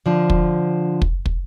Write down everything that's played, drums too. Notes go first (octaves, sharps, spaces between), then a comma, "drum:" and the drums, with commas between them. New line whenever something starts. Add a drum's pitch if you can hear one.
D3 F3
drum: kick
drum: kick
drum: kick